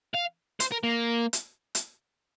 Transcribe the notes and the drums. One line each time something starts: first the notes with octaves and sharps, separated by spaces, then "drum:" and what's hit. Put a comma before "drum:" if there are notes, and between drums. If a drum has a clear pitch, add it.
F5
C5, drum: hi-hat
A#4
A#3
drum: hi-hat
drum: hi-hat